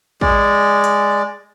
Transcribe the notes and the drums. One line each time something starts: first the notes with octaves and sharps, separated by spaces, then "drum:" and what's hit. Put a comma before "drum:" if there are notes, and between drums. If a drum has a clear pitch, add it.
G#3 D5, drum: kick
drum: hi-hat